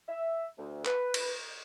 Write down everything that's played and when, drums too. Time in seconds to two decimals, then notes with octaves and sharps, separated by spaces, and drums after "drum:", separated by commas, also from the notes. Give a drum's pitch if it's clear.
0.09 E5
0.58 D2
0.85 B4, drum: clap
1.14 drum: cymbal